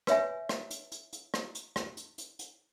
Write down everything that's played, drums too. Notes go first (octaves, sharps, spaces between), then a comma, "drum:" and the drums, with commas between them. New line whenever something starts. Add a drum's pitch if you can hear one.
B4 C#5 E5 G#5, drum: rim click
drum: rim click
drum: hi-hat
drum: hi-hat
drum: hi-hat
drum: rim click
drum: hi-hat
drum: rim click
drum: hi-hat
drum: hi-hat
drum: hi-hat